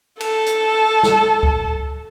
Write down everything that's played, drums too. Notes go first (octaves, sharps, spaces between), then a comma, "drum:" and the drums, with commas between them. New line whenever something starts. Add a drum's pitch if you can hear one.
A4 A5, drum: cymbal
drum: hi-hat
drum: snare
drum: kick C#2